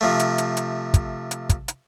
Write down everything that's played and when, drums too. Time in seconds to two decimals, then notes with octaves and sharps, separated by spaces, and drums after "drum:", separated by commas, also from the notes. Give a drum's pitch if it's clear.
0.01 C3 F3 A3
0.20 drum: hi-hat
0.38 drum: hi-hat
0.57 drum: hi-hat
0.94 drum: kick, hi-hat
1.31 drum: hi-hat
1.50 drum: kick, hi-hat
1.68 drum: hi-hat